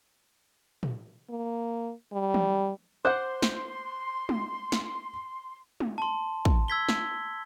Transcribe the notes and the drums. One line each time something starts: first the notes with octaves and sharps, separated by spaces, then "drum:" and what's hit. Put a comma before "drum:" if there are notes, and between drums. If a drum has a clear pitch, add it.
drum: tom
A#3
G3
drum: tom
C5 F#5 C6 D6 F#6 G6
drum: snare
drum: tom
drum: snare
drum: tom
A5 C6
drum: kick
E6 G#6 B6 G7
drum: snare